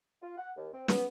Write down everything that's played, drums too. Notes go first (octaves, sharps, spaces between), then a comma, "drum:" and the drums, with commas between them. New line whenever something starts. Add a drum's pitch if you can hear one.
F4
F#5
D#2
C4
B3, drum: snare